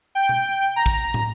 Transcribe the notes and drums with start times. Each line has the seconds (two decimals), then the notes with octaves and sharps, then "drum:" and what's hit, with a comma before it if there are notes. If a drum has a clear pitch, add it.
0.15 G5
0.29 drum: tom B2
0.76 A#5
0.86 drum: kick
1.14 drum: tom